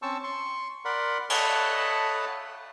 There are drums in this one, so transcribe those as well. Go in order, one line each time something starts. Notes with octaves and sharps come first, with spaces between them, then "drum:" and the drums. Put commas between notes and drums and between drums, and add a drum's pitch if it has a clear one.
C4 C#4 C5 A5 C#6 E6
C6 C#6
A#4 D5 F#5 B5 C6
A4 C#5 D#5 F#5 A5 B5, drum: cymbal